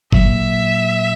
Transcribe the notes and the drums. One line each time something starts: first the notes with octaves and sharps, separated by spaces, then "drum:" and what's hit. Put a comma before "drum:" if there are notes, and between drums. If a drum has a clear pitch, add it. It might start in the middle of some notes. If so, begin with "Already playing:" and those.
A#2 F#3 A#3 E5, drum: kick G1